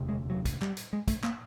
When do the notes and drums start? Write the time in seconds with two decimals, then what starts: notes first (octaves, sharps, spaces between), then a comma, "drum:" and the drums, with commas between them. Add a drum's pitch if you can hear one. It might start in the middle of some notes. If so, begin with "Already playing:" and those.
Already playing: E1 D2 C3
0.09 G#3
0.30 F#3
0.45 drum: kick, hi-hat
0.62 G3, drum: clap
0.77 drum: hi-hat
0.93 G#3
1.08 A3, drum: kick, hi-hat
1.23 A#3, drum: clap